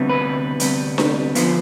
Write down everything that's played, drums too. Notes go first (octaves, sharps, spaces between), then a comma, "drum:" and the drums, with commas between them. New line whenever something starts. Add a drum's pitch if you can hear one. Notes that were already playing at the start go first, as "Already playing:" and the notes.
Already playing: D2 C3 G3 B3
B4
D2 C3 G3 B3, drum: hi-hat
drum: snare D4
D3 F3 B3 F4, drum: hi-hat